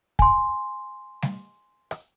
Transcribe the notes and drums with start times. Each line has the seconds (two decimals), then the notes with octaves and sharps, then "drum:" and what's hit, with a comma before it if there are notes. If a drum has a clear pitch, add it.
0.19 G#5 C6, drum: kick
1.22 drum: snare G3
1.91 drum: rim click